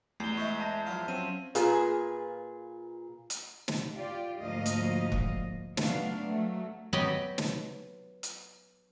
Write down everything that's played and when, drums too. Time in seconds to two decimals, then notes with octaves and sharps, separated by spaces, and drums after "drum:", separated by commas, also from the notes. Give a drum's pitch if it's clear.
0.20 E2 A3 C7 G7
0.37 G#3 D#4 E4 E5 C#6
0.60 E5 A5 A#6
0.86 F3 F#3 F4
1.08 C4 C#4 D#7
1.55 A#2 F4 G#4 B4, drum: hi-hat
3.30 drum: hi-hat
3.68 drum: snare
3.97 F4 G4 D5
4.42 D2 G#2 F3 A#3 D#5 F5
4.66 drum: hi-hat
5.12 drum: kick
5.77 F#3 A3 B3 D4 F5, drum: snare
6.27 F#3 A3
6.93 F#3 B3 G4 B4 D#5
7.38 drum: snare
8.23 drum: hi-hat